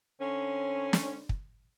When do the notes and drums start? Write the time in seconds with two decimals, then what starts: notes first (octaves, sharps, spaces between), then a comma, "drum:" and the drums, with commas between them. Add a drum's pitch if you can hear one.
0.20 D3 C4 C#4
0.93 drum: snare
1.29 drum: kick